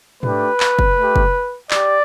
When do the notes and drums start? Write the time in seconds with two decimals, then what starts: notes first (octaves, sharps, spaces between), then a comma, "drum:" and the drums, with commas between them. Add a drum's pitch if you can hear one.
0.23 A3 D4 G4 B4, drum: tom G#2
0.60 drum: clap
0.79 drum: kick F#1
0.97 A3 G4
1.16 drum: kick F#1
1.71 G4 D5, drum: clap